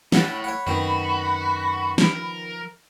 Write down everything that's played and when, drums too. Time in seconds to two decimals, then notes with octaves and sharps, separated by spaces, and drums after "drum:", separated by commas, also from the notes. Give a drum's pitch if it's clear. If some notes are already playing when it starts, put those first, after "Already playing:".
0.12 A2 C#5 F#5 A5 B5, drum: snare
0.44 C#5 F#5
0.67 F#2 D#3 B3 C4 F#4
1.98 F3 A#4, drum: snare